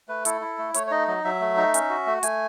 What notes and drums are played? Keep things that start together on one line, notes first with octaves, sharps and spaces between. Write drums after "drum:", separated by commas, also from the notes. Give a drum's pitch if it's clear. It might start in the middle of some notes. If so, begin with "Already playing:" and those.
A3 B4
E4 A4, drum: hi-hat
E4
A3
A3 C#5, drum: hi-hat
C#5
D#4 D#5
F#3 D#5
F#3 E5
A3
D#4
C#4, drum: hi-hat
F#4
A3
A3 G#5, drum: hi-hat